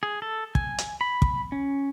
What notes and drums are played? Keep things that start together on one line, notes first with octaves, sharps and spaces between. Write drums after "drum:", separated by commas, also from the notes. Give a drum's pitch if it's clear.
G#4
A4
G#5, drum: kick
drum: hi-hat
B5
drum: kick
C#4